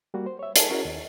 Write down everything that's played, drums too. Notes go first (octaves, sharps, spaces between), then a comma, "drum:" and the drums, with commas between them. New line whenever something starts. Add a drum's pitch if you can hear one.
G3 A#3 F#4
C5
C#5 E5
G#4 A#4 A5, drum: hi-hat
C#4 E4 F#4 G#4 A#4
D#2